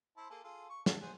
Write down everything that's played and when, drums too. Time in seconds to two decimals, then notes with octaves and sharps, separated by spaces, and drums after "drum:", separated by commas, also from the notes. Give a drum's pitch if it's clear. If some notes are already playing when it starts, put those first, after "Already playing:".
0.17 E4 C5 A5
0.30 A#3 G#4 A4
0.44 F4 G#4 A4
0.69 C#6
0.86 A4, drum: snare
1.01 G#4 C5 F#5